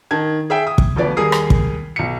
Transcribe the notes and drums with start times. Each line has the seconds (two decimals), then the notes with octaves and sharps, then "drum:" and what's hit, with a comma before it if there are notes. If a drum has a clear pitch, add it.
0.11 D#3 A5 G#6
0.50 G#4 E5 G5
0.67 D#6
0.78 drum: kick
0.96 D2 F3 B3 D5
1.17 D#2 G3 G#4 A#4 D#6 C7
1.32 drum: rim click
1.50 drum: kick
1.96 B1 C#7